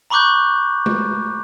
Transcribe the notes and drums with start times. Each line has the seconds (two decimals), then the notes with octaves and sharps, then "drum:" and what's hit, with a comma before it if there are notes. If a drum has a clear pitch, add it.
0.10 A#5 B5 C#6 D6 F#6 G6
0.86 drum: tom G#3